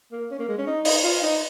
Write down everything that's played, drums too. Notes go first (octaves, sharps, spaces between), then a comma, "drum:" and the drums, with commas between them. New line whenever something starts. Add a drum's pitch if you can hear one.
A#3
C#4
A#3
G#3
C#4
D#4
D#4, drum: open hi-hat
F4
D#4